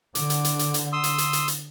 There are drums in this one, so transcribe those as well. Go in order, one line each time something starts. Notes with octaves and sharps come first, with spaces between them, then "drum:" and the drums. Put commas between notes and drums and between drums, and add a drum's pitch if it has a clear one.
D3 D6, drum: hi-hat
drum: hi-hat
drum: hi-hat
drum: hi-hat
drum: hi-hat
C6 D#6 E6
drum: hi-hat
drum: hi-hat
drum: hi-hat
drum: hi-hat